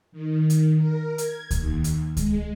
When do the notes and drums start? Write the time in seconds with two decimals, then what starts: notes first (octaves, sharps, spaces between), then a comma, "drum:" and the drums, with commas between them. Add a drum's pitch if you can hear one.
0.12 D#3
0.50 drum: hi-hat
0.77 A#4
1.18 G#6, drum: hi-hat
1.51 D#2, drum: kick C#2, hi-hat
1.84 drum: hi-hat
2.17 G#3, drum: kick C#2, hi-hat